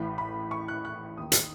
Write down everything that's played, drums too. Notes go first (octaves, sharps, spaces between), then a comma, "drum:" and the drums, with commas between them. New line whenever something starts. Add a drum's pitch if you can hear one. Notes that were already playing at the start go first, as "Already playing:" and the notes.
Already playing: A1 A2 E3 B5
B5
C#6
F#6
F#6
D#2 D#3 D#6
drum: hi-hat